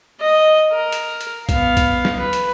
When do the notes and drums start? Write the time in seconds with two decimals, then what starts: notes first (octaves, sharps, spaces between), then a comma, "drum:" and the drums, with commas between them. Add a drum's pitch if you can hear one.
0.20 D#5
0.72 A#4
0.92 drum: hi-hat
1.21 drum: hi-hat
1.49 B3 F5, drum: kick, hi-hat
1.77 drum: kick, hi-hat
2.05 drum: snare
2.19 B4
2.33 drum: hi-hat